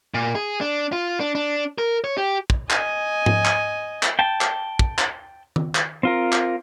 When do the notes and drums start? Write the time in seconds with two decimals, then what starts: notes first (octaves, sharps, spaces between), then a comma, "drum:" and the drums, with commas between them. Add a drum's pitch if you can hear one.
0.14 A#2
0.35 G#4
0.61 D4
0.92 F4
1.20 D4
1.35 D4
1.78 A#4
2.04 C#5
2.18 G4
2.50 drum: kick
2.70 D#5 G#5, drum: clap
3.26 drum: tom G#2
3.45 drum: clap
4.03 drum: clap
4.19 G5 A5
4.41 drum: clap
4.79 drum: kick
4.99 drum: clap
5.56 drum: tom D#3
5.75 drum: clap
6.03 C4 F4 A#4
6.33 drum: clap